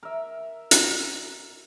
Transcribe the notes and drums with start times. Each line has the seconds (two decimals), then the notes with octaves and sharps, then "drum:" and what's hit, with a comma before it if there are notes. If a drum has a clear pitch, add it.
0.03 A#4 E5
0.71 drum: hi-hat